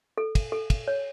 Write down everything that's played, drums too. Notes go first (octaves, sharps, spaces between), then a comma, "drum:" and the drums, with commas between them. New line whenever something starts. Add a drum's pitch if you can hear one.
A4
drum: kick, cymbal
A4
drum: kick, cymbal
C#5